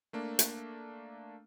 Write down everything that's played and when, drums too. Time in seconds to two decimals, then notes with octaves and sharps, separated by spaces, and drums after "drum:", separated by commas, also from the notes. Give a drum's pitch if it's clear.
0.13 A3 A#3 D4
0.39 drum: hi-hat